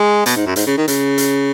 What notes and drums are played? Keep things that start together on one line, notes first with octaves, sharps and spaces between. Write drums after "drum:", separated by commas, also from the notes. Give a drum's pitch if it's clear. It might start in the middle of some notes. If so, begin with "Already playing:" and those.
Already playing: G#3
B2, drum: hi-hat
G#2
F#2
G#2, drum: hi-hat
C#3
D#3
C#3, drum: hi-hat
drum: hi-hat